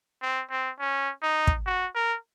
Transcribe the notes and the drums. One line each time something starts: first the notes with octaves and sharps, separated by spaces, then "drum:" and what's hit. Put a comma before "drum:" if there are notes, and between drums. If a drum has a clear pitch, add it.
C4
C4
C#4
D#4
drum: kick
F#4
A#4